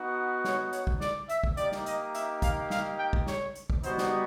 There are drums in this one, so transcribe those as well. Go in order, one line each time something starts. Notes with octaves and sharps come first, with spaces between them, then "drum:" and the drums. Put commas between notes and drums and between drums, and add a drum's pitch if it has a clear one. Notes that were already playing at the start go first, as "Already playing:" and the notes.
Already playing: B3 D#4 F#4
C#5, drum: snare
C#5, drum: hi-hat
drum: kick
D5, drum: snare
E5, drum: hi-hat
drum: kick
A#3 D#4 G4 D5, drum: hi-hat
drum: snare
D#5, drum: hi-hat
E5, drum: hi-hat
F5, drum: kick, hi-hat
F5, drum: snare
G5
drum: kick
C#5, drum: snare
drum: hi-hat
drum: kick
G3 B3 D#4 F#4 C5, drum: hi-hat
drum: snare